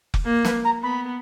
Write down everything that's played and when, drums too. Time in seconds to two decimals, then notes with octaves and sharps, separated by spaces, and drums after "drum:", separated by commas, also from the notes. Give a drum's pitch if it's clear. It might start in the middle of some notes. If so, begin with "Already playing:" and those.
0.14 drum: kick F1
0.25 A#3
0.45 B4, drum: snare
0.64 A#5
0.83 B3 B5